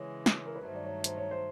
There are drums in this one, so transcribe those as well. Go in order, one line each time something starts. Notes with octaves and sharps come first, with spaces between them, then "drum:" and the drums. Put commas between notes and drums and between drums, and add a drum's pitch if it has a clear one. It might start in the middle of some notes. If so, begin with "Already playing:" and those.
Already playing: C#3 E3 G#3 C#5
drum: snare
A#4
B4
G2 D#3 F#3 A3 C5
D5
C#5
C5, drum: hi-hat
C#5
C5